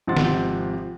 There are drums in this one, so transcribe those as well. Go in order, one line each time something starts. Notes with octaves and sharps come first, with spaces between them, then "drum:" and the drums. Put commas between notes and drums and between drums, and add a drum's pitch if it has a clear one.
G#1 C3 F3 F#5 C6 A6
drum: snare D#3